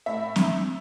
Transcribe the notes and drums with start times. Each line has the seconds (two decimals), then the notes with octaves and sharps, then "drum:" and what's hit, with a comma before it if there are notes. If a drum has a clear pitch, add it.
0.06 A2 E5
0.36 drum: snare C4